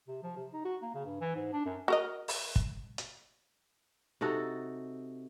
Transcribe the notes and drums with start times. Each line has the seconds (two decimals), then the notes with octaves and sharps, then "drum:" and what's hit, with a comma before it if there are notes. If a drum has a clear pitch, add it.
0.08 C3
0.23 F3
0.36 C3
0.53 D#4
0.65 F#4
0.83 A#3
0.94 C#3
1.06 G2
1.21 E3
1.36 G#2
1.53 D4
1.66 F#2
1.88 F#4 A#4 D#5
2.28 drum: open hi-hat
2.56 drum: kick
2.98 drum: hi-hat
4.21 C3 D#4 F#4 A4